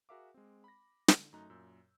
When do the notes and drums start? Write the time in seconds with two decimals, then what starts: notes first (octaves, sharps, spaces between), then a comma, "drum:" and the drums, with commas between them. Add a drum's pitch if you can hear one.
0.09 F#4 G#4 A#4 E5 F5 D6
0.34 G#3 C4
0.64 B5 A#6
1.08 D3, drum: snare
1.33 F#2 A3 D#4 A#5 F#6
1.50 F#2 A#2 E6 G6